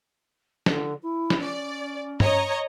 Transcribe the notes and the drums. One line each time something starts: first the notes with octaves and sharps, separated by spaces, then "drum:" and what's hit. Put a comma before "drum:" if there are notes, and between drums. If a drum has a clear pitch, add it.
D3, drum: snare
E4
drum: snare
C#4 D5
C#5 D#5 A#5, drum: tom